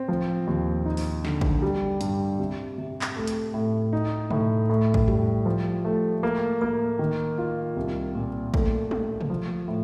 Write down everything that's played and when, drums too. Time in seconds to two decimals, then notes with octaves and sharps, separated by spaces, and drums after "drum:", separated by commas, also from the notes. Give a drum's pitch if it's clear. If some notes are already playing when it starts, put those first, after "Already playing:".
Already playing: C4
0.08 F3
0.47 D#2
0.86 D#4
0.97 drum: open hi-hat
1.25 D3, drum: snare
1.41 drum: kick
1.62 G3
2.01 G2, drum: hi-hat
2.39 C3
2.78 C3
3.01 drum: clap
3.16 A3
3.27 drum: hi-hat
3.54 A2
3.93 D#4
4.30 A2, drum: tom
4.69 A2
4.94 drum: kick
5.08 G3, drum: tom
5.46 F3
5.85 A3
6.23 A#3
6.62 A#3
6.99 D#3
7.38 F4
7.76 C2
8.15 A#2
8.54 A3, drum: kick
8.91 A3, drum: tom
9.21 drum: tom
9.30 F3
9.68 A2